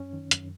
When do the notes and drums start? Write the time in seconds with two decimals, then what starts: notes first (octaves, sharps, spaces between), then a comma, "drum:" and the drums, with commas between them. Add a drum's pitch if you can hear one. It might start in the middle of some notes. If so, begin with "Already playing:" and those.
Already playing: F#2 C#4
0.13 D#3
0.31 F#2, drum: hi-hat